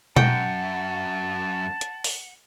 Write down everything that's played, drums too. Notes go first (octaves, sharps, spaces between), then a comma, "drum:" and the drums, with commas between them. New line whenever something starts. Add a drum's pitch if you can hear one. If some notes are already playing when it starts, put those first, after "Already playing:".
F#2 F#5 G5 A5, drum: tom B2
drum: hi-hat
drum: open hi-hat